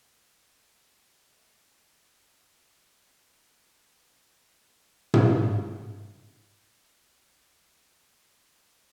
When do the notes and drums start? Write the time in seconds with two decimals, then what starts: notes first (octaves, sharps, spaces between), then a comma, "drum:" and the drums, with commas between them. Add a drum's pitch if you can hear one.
1.27 E3 A#3 A4 C5 D#5 E5
2.14 D#5
2.84 D#4
3.41 B3
4.65 A#4
5.14 drum: tom
6.25 A3
6.77 C2
7.19 G5